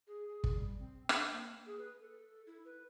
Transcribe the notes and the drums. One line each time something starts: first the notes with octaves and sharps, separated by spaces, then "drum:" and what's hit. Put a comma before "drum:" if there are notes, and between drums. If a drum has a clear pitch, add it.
G#4
G#4
drum: kick
G3
C4
D4, drum: rim click
A#3
G#4
B4
A4
E4
B4